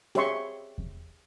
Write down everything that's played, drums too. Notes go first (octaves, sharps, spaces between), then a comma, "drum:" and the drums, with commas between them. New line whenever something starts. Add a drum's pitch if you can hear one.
G4 G#4 C#5 E5 C6 C#6, drum: snare C#4
drum: kick E2